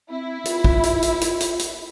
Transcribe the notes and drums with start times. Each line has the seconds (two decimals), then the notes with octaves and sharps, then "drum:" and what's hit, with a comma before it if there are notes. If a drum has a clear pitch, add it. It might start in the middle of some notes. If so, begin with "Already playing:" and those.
0.10 C4 E4
0.45 F4, drum: hi-hat
0.64 drum: kick
0.83 drum: hi-hat
1.02 drum: hi-hat
1.21 drum: hi-hat
1.40 drum: hi-hat
1.59 drum: hi-hat